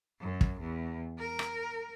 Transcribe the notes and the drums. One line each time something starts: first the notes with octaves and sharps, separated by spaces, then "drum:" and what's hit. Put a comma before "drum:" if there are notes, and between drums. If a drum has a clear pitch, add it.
F#2
drum: kick
E2
A#4
drum: rim click